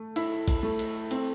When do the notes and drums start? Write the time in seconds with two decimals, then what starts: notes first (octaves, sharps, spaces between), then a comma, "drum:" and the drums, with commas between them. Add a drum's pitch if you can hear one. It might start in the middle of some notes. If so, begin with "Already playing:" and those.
Already playing: A3
0.16 E4, drum: cymbal
0.48 drum: kick A1, cymbal
0.63 A3
0.79 drum: cymbal
1.11 C4, drum: cymbal